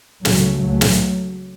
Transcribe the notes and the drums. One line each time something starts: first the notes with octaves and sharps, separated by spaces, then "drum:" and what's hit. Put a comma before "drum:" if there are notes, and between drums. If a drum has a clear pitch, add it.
C#2 C#3 F#3 A3, drum: snare
C#2 C#3 F#3 A3
drum: snare